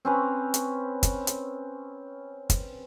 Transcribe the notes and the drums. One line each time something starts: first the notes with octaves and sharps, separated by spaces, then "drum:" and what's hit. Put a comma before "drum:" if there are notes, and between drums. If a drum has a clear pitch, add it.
C4 C#4 B4
drum: hi-hat
drum: kick, hi-hat
drum: hi-hat
drum: kick, hi-hat